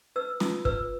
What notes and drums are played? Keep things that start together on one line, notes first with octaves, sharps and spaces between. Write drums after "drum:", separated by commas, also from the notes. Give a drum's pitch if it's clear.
B4 E6
F4 D#6, drum: snare
B4 E6, drum: kick